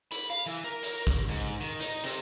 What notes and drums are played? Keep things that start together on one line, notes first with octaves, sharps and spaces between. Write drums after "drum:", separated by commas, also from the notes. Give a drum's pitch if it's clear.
B5, drum: hi-hat
F5
E3
A#4
drum: hi-hat
drum: kick, hi-hat
G#2
D#3
D#4, drum: hi-hat
C3, drum: hi-hat